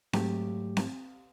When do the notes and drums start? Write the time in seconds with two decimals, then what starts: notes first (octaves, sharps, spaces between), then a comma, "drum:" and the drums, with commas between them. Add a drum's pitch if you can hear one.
0.13 G#2 F#3 A3 G4, drum: snare C4
0.77 drum: snare C4